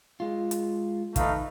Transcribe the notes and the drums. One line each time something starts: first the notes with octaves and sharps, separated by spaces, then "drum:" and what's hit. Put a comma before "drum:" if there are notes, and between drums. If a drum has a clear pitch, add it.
G#3 F4
drum: hi-hat
D#3 A3 D#4 B4 F5, drum: kick, hi-hat